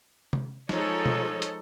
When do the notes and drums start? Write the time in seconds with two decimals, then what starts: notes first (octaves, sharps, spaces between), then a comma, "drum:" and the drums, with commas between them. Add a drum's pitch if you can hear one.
0.33 drum: tom
0.69 F3 G#3 D#4 A4 C#5, drum: snare
1.06 drum: tom
1.42 drum: hi-hat